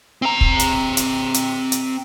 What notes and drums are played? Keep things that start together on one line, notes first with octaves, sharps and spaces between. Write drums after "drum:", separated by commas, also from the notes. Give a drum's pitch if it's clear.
C4 A#5
drum: kick
drum: hi-hat
drum: hi-hat
drum: hi-hat
drum: hi-hat